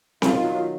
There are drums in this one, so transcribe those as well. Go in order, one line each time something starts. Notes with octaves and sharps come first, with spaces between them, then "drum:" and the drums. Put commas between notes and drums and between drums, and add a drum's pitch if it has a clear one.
C#3 F4, drum: snare C4
B2 D#3
D#3 F#3
D#3 F#3